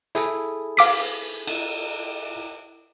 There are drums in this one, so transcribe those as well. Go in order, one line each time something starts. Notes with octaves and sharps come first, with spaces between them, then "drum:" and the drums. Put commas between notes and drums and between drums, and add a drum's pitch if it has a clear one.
E4 G#4 A4, drum: hi-hat
F5 D6 B6, drum: open hi-hat
drum: cymbal